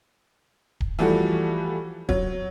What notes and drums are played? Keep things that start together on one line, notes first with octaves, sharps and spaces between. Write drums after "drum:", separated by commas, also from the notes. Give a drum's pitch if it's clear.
drum: kick D1
E3 F3 G3 A3 F#4
F#3, drum: kick D1